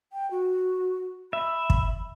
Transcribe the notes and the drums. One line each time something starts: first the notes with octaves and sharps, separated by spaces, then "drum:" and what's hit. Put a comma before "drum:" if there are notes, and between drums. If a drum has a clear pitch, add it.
G5
F#4
E5 B5
drum: kick